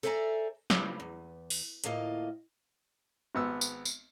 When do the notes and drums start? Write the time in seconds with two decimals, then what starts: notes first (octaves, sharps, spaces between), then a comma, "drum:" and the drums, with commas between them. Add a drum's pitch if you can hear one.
0.03 A4 C5 D5 E5 G#5 A#5
0.70 G2 C#3 F3 G3, drum: snare
1.00 E2
1.50 drum: open hi-hat
1.84 D2 A2 A#3 F4 D#5, drum: hi-hat
3.35 G#1 B3 E6
3.61 drum: tambourine
3.85 drum: tambourine